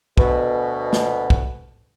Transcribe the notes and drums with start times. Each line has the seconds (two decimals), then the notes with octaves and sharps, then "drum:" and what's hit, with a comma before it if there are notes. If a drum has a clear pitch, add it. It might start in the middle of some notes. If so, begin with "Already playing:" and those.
0.18 D2 B2, drum: kick
0.93 drum: snare
1.30 drum: kick